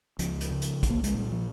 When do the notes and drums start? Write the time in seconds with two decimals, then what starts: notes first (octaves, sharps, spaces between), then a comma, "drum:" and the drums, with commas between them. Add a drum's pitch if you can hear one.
0.19 C#2 F3, drum: hi-hat
0.41 drum: hi-hat
0.51 C#3
0.62 drum: hi-hat
0.83 C2, drum: kick, hi-hat
0.90 A#3
1.04 G#3, drum: hi-hat
1.14 A#2 G3
1.32 F3